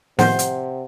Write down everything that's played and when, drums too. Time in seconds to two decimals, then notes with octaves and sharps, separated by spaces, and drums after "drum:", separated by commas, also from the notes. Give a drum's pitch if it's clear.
0.19 A2 C3 D#3 F3 C5 F#5 G#5, drum: snare
0.39 drum: hi-hat